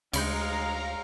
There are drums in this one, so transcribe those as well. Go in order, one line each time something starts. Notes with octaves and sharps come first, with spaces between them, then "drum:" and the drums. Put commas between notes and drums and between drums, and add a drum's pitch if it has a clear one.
D2 C#3 G#3 F5 A#5 B5 G6, drum: cymbal